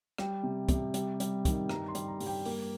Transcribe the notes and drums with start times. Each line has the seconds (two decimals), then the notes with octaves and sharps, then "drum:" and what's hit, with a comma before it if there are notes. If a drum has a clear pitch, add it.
0.18 G3 G5, drum: rim click
0.43 C3
0.69 C3, drum: kick, hi-hat
0.94 G3, drum: hi-hat
1.20 G3, drum: hi-hat
1.45 D#3, drum: kick, hi-hat
1.69 G2 A#5, drum: rim click
1.88 C6
1.95 G3, drum: hi-hat
2.08 A#5
2.20 G2, drum: open hi-hat
2.27 G5
2.45 A#3 G4, drum: open hi-hat